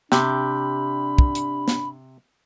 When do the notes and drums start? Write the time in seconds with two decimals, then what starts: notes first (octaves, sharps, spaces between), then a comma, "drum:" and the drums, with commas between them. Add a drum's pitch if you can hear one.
0.12 C3 D4 G4 B5 G6, drum: snare
1.18 drum: kick
1.35 drum: hi-hat
1.68 drum: snare